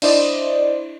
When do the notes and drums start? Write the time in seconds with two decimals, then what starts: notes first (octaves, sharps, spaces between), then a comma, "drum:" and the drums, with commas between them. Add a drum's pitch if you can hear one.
0.02 D4 E4 C5 D5 D#5, drum: cymbal